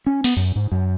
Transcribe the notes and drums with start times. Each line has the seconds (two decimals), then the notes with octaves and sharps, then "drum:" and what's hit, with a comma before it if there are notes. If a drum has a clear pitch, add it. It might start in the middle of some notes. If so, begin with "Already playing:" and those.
0.06 C#4
0.24 B3, drum: open hi-hat
0.37 F#2
0.56 G#2
0.72 F#2